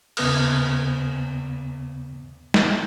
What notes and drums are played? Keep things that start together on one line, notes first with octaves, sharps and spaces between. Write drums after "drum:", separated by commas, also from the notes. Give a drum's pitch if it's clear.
D#2 C#3 B3 B4 D#6 F6, drum: cymbal
drum: snare